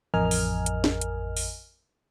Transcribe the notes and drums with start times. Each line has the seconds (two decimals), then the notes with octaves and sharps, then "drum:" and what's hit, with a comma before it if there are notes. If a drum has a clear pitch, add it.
0.14 A1 F2 A#4 D#5 G#5 F6
0.31 drum: open hi-hat
0.66 drum: hi-hat
0.84 drum: snare
1.01 drum: hi-hat
1.37 drum: open hi-hat